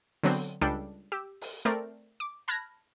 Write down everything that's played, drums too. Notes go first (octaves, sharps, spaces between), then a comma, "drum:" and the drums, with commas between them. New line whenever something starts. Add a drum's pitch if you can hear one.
D3 F#3 B3 C4, drum: open hi-hat
C#2 G3 D4 A4 G5
G4 E6
drum: open hi-hat
A3 C4 A#4 C5 D5
D6
A5 B5 F6 F#6 G#6 A#6